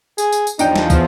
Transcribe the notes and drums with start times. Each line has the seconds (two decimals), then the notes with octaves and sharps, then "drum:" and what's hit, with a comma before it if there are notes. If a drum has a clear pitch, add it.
0.18 G#4, drum: tambourine
0.33 drum: tambourine
0.47 drum: tambourine
0.59 E2 F3 D4 D#4 G5, drum: tambourine
0.76 drum: snare
0.90 drum: kick, tambourine